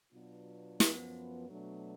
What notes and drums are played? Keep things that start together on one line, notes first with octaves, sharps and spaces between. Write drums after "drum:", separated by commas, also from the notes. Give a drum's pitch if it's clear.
B2 F#3 B3 D4 F4
F#2 F3 B3, drum: snare
B2 F#3 A3 D4